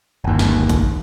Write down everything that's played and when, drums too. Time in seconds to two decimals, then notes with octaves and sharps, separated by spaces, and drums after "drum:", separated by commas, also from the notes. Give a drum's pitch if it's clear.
0.24 G1 D#2
0.39 drum: snare
0.69 drum: kick, hi-hat